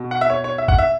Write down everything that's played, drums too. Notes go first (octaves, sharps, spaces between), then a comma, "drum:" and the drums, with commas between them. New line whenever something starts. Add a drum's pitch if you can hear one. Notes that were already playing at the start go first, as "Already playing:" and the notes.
Already playing: B2
F#5
E5
C#5
C#5
E5
F#5, drum: kick
E5